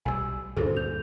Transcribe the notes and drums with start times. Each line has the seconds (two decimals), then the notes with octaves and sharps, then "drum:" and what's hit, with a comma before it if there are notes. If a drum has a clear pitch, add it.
0.05 B1 E3 G3 G#5 E6
0.57 D2 G2 A#2 G#4 A4 C5, drum: tom
0.77 G6 F7